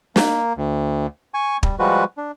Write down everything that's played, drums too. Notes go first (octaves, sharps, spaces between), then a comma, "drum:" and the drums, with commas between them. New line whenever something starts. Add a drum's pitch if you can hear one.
A#3, drum: snare
D2
G#5 C#6
G3, drum: kick
F3 G3 G#3 F#4 B4
D4